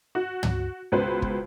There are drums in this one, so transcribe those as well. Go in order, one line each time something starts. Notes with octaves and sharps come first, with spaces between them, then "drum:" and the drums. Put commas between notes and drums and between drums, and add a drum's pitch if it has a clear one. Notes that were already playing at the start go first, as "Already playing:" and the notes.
F#4
drum: tom
C#2 B2 B4 C5
drum: kick